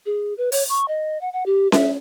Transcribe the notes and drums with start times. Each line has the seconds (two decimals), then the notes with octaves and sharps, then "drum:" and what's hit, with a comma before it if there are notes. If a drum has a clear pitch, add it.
0.06 G#4
0.38 B4
0.52 C#5, drum: open hi-hat
0.69 C#6
0.88 D#5
1.21 F#5
1.33 F#5
1.46 G4
1.72 E5, drum: snare C#4